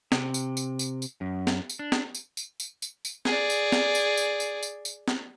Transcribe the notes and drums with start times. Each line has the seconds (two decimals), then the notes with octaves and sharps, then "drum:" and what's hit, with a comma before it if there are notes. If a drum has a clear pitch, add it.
0.12 C3, drum: snare
0.34 drum: tambourine
0.57 drum: tambourine
0.79 drum: tambourine
1.02 drum: tambourine
1.21 F#2
1.47 drum: snare
1.70 drum: tambourine
1.79 D4
1.92 drum: snare
2.15 drum: tambourine
2.37 drum: tambourine
2.60 drum: tambourine
2.82 drum: tambourine
3.05 drum: tambourine
3.25 G#4 D5, drum: snare
3.50 drum: tambourine
3.72 drum: snare
3.95 drum: tambourine
4.17 drum: tambourine
4.40 drum: tambourine
4.63 drum: tambourine
4.85 drum: tambourine
5.08 drum: snare